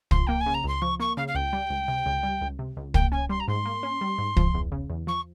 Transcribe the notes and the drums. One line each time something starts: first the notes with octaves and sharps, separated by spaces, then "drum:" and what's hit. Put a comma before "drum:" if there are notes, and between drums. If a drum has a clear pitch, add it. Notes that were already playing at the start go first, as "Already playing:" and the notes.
F3 C6, drum: kick
A#3 G5
G#5
C#3
A#5
C#2 C6
F3 C#6
A#3 C#6
C#3 F5
F5
C#2 G5
G3
C#2
C3
C#2
G3
C#2
C3
C#2
A#3 G5, drum: kick
C#4 G#5
G3 C6
A#5
G#2 C6
A#3
C#4
G3
G#2
F3, drum: kick
E2
C#3
E2
F3 C#6